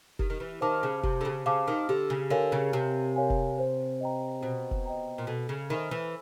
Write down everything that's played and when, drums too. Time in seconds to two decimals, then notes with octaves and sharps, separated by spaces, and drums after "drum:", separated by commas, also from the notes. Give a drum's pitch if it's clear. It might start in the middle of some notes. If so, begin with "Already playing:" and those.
0.19 D#3 G4, drum: kick F1
0.30 D#3
0.40 E3
0.61 D#3 C5 F5 A5 D6
0.83 C#3
1.03 C3 G4, drum: kick F1
1.21 D3
1.25 C#3
1.46 C#3 C5 F5 A5 D6
1.68 D#3
1.89 D3 G4
2.10 C#3
2.30 D3 A#4 C#5 F5 G#5
2.52 C#3
2.73 C3 G4
3.16 A#4 C#5 F5 G#5
3.30 drum: kick F1
3.58 C5
4.01 D#5 G5 A#5
4.43 B2 C5
4.71 drum: kick F1
4.86 D#5 G5 A#5
5.18 A#2
5.27 B2 A4
5.49 C#3
5.70 D#3 C5 E5 G#5 B5
5.91 E3